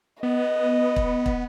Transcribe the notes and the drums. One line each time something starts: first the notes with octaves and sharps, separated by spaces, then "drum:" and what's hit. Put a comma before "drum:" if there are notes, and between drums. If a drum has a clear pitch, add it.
B3 D#5
drum: kick
drum: kick